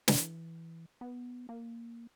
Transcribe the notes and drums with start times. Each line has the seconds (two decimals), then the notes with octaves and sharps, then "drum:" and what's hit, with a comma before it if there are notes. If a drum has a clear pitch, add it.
0.08 E3, drum: snare
1.01 B3
1.49 A#3